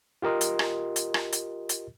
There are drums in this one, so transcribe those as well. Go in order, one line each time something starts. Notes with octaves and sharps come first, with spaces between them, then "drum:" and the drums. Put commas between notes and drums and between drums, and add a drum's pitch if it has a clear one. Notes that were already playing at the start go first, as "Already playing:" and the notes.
F4 G4 A#4 D#5 C6
drum: hi-hat
drum: rim click
drum: hi-hat
drum: rim click
drum: hi-hat
drum: hi-hat